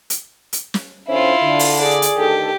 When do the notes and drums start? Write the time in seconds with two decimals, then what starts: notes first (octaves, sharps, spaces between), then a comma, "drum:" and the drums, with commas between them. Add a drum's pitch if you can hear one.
0.10 drum: hi-hat
0.53 drum: hi-hat
0.74 drum: snare
1.08 D3 C#4 E4 F4 C5 E5
1.43 D3
1.59 drum: open hi-hat
1.81 G#4 D5
2.02 drum: hi-hat
2.17 D2 D#3 G4 A4